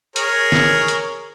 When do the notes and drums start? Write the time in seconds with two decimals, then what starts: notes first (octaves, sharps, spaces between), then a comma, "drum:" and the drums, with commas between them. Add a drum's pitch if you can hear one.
0.16 G#4 A#4 C#5, drum: hi-hat
0.52 drum: snare
0.88 drum: hi-hat